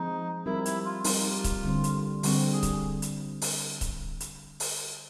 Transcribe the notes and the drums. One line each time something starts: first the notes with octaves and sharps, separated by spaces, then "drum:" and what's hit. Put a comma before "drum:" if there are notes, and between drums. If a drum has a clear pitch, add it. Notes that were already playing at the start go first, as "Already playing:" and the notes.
Already playing: F3 G#3 C4 D#4
G3 C4 D#4 E4 G4 A#4
E4, drum: hi-hat
F4
G3 C4 D#4 F4 G4 A#4, drum: open hi-hat
drum: kick C#1, hi-hat
D3 G3 C4
drum: hi-hat
D3 G3 C4 F#4, drum: open hi-hat
G#4
drum: kick C#1, hi-hat
drum: hi-hat
drum: open hi-hat
drum: kick C#1, hi-hat
drum: hi-hat
drum: open hi-hat